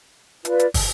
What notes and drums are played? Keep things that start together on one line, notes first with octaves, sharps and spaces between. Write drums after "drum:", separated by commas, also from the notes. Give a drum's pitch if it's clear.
F4 B4 D5, drum: hi-hat
drum: hi-hat
drum: kick, open hi-hat